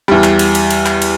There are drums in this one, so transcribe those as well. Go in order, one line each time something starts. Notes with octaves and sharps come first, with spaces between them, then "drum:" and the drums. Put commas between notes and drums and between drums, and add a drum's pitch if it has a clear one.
E2 G3
drum: clap
drum: cymbal
drum: cymbal
drum: cymbal
drum: clap
drum: cymbal